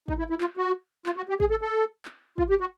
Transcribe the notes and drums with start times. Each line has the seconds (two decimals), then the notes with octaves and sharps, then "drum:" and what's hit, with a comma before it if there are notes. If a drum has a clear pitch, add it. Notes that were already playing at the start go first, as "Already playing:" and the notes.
0.08 D#4, drum: kick
0.19 E4
0.30 E4
0.41 F4, drum: clap
0.57 F#4
1.06 F4, drum: clap
1.17 F#4
1.29 G4
1.40 G#4, drum: kick
1.50 A4
1.61 A4
2.05 drum: clap
2.38 F4, drum: kick
2.50 G4
2.60 F#4